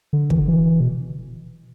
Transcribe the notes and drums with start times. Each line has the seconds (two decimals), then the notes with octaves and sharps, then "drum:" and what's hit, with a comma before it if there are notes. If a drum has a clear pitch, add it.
0.13 D3
0.30 E3, drum: kick
0.39 D3
0.48 E3
0.80 B2